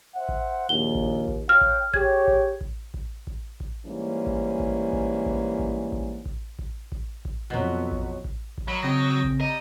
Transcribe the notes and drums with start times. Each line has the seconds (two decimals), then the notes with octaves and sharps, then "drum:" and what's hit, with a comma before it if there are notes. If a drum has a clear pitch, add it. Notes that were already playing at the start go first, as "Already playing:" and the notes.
0.16 C5 E5 F#5
0.29 drum: kick A1
0.69 A#1 D#2 G7
0.95 drum: kick A1
1.28 drum: kick A1
1.49 C#5 F5 G5 F6
1.61 drum: kick A1
1.94 G4 G#4 C#5 G#6, drum: kick A1
2.28 drum: kick A1
2.61 drum: kick A1
2.94 drum: kick A1
3.27 drum: kick A1
3.60 drum: kick A1
3.86 G#2 E3 G3 A#3 C#4
4.27 drum: kick A1
4.60 drum: kick A1
4.93 drum: kick A1
5.26 drum: kick A1
5.59 drum: kick A1
5.92 drum: kick A1
6.26 drum: kick A1
6.59 drum: kick A1
6.92 drum: kick A1
7.25 drum: kick A1
7.50 F2 B2 F#3 B3
7.91 drum: kick A1
8.25 drum: kick A1
8.58 drum: kick A1
8.68 F#3 D#4 A#4 B5
8.83 C#3 C4 D#5 G5 A#6
9.24 drum: kick A1
9.41 G3 D#5 A#5